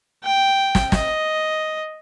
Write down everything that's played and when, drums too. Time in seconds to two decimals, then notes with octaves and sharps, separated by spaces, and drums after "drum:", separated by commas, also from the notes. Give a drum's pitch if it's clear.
0.24 G5
0.75 drum: snare
0.92 D#5, drum: snare